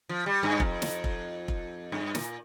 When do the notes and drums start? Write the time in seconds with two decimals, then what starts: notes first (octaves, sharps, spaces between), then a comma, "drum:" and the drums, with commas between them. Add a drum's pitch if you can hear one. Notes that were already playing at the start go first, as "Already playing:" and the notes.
0.09 F3
0.26 G3
0.43 G2
0.60 F2, drum: kick F1
0.82 drum: snare
1.04 drum: kick F1
1.48 drum: kick F1
1.92 G2
2.15 A#2, drum: snare